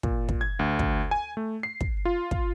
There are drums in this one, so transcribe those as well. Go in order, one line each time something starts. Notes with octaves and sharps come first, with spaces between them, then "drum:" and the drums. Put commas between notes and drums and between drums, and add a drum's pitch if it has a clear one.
A#2, drum: kick
drum: kick
G#6
D2
drum: kick
G#5
A3
C7
drum: kick
F4
drum: kick